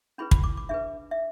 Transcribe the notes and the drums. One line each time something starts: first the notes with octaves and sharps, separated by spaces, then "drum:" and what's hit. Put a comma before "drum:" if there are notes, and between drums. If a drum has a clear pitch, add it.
C#4 E4 G#4 B4 B5
B5, drum: kick
D6
D6
D4 G#4 B4 E5
E5